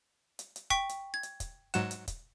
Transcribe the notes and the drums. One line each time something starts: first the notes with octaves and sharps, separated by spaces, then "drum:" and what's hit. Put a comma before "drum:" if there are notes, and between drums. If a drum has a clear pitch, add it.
drum: hi-hat
drum: hi-hat
G5 C#6 B6, drum: kick, hi-hat
drum: hi-hat
G#6
drum: hi-hat
drum: kick, hi-hat
G#2 F#3 F#5 E7, drum: hi-hat
drum: hi-hat
drum: kick, hi-hat